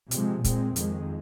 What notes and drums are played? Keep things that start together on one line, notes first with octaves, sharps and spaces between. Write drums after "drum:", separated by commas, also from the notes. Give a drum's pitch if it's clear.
C3 F3 G#3, drum: hi-hat
A#2 G#3 C4, drum: kick, hi-hat
F2 D#3 G#3, drum: hi-hat